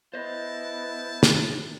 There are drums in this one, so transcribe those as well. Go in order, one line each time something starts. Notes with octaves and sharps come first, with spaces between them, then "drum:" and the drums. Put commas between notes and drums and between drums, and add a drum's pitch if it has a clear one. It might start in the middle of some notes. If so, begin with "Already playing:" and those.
B3 E4 C5 D#5 A5
drum: snare